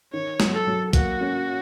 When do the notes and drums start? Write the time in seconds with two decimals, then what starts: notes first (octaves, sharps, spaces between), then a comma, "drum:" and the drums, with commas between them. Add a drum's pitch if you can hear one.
0.13 D#3 C#5
0.40 F#3, drum: snare
0.54 A4
0.67 F#3
0.93 A#3 F#4, drum: kick, hi-hat
1.21 C#4